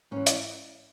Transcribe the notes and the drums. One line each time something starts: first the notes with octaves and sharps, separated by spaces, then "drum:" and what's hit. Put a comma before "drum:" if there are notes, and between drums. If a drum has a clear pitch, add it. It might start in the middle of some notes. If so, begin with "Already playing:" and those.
G#2 E3 C#4
drum: hi-hat